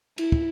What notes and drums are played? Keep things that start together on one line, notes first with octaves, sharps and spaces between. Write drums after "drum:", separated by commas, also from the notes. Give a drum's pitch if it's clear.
E4, drum: cymbal
drum: kick